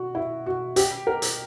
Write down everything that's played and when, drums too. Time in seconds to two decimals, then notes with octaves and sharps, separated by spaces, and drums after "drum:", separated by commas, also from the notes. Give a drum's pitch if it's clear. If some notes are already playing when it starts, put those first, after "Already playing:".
Already playing: F#4
0.15 E4
0.46 F#4
0.76 G4, drum: hi-hat
1.07 A#4
1.22 drum: hi-hat